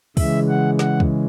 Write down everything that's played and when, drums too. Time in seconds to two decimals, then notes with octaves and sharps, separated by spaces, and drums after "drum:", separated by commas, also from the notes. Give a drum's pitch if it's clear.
0.17 C#3 E3 G#3 E5, drum: kick, open hi-hat
0.48 F#5
0.79 F#5, drum: snare
1.00 drum: kick